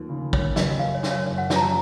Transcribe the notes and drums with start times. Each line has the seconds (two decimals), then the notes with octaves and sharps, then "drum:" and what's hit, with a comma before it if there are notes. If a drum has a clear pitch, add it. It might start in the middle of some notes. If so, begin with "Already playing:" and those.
Already playing: D#2 F3
0.09 C#3
0.33 A#3 C#5, drum: kick
0.56 C#3 D#5, drum: snare
0.79 F#2 F5
0.95 C#5
1.03 F#2, drum: snare
1.11 C#5
1.26 F#1 C#5
1.38 F#5
1.50 F3, drum: snare
1.56 A#5
1.61 A5